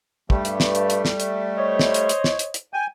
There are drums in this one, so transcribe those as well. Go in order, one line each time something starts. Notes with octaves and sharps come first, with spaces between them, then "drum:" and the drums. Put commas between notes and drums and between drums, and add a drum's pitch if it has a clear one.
G2 G3 A3, drum: kick
drum: hi-hat
drum: snare
drum: hi-hat
drum: hi-hat
drum: snare
drum: hi-hat
C5 C#5 D#5
drum: snare
drum: hi-hat
drum: hi-hat
drum: snare
drum: hi-hat
drum: hi-hat
G5 G#5